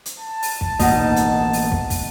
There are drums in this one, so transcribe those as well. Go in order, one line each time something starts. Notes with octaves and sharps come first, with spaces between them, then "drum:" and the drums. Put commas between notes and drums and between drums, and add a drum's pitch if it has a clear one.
drum: hi-hat
A5
drum: open hi-hat
drum: kick
A1 B2 A#3 D#4, drum: kick, open hi-hat
drum: hi-hat
drum: open hi-hat
drum: kick
drum: kick, open hi-hat